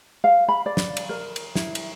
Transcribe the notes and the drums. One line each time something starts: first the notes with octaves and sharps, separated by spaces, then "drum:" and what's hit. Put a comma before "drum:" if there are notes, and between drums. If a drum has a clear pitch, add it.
F5
B5
D5
drum: snare
drum: cymbal
A#4
drum: cymbal
E4, drum: snare
drum: cymbal